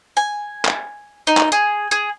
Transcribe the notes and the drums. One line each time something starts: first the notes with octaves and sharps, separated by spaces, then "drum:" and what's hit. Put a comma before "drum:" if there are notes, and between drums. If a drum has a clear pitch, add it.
G#5
drum: clap
D#4
drum: clap
G#4
G#4